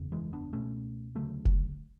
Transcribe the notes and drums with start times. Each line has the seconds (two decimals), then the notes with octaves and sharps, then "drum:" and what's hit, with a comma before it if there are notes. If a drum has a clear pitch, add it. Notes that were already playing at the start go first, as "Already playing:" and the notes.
Already playing: F#1 E2 C#3
0.12 E3 G#3
0.33 B3 D4
0.53 C#2 B2 A3 C#4
1.15 E1 D2 C#3 F#3 A3
1.45 drum: kick F1